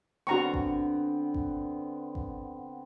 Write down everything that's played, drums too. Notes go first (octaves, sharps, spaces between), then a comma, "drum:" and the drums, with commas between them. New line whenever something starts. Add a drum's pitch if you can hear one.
D3 B3 C4 F#4 A#5 C#6
drum: kick G#1
drum: kick G#1
drum: kick G#1